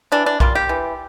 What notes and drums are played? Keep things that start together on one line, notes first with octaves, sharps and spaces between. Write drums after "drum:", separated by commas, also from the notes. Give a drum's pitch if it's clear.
E3 D4
D4
G3 A#3 F4, drum: kick B1
G4
E3